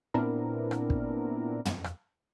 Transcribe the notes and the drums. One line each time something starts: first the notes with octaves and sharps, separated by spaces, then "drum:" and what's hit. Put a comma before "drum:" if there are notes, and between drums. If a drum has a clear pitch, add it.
A#2 B3 C4 D4 E4 A#4
drum: rim click
drum: kick
drum: tom
drum: rim click